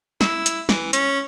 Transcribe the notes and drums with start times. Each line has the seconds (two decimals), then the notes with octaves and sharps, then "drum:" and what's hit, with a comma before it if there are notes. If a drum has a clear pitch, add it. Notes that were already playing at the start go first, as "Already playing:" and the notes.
0.21 E4, drum: snare
0.46 drum: hi-hat
0.69 E3, drum: snare
0.93 C#4, drum: hi-hat